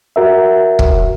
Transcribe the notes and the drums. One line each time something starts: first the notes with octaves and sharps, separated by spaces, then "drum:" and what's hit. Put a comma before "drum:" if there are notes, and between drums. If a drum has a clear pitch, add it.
F#4 A#4 E5
drum: kick